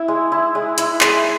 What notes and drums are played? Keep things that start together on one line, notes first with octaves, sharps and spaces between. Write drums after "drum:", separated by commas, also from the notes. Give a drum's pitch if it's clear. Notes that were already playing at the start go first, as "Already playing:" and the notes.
Already playing: E4 E5
G#3
E4
G#3
E4, drum: hi-hat
G#3, drum: clap